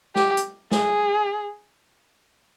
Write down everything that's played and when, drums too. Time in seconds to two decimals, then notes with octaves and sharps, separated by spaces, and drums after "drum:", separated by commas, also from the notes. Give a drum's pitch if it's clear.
0.16 G4, drum: snare
0.37 drum: hi-hat
0.71 G#4, drum: snare